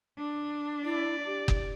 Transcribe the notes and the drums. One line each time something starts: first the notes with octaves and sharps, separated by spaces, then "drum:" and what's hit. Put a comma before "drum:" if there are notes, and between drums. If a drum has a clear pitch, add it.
D4
E4 D5
G4
drum: kick F#1